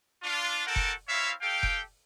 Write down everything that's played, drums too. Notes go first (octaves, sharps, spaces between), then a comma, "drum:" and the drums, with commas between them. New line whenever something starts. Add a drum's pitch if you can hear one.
D4 F4
F#4 A4 A#4 F#5 G5 A5
drum: kick F1
C4 E4 C#5 E5 F5
G4 A4 F5 G5
drum: kick F1